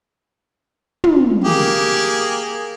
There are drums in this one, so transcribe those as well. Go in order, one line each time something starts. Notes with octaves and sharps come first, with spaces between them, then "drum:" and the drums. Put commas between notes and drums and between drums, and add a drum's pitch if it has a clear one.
drum: tom
A#3 G4 G#4